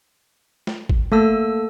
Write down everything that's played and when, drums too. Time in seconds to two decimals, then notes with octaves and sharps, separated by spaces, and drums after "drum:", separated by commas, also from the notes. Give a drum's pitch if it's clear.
0.67 drum: snare
0.89 drum: kick G#1
1.12 A3 A#3 A4 E6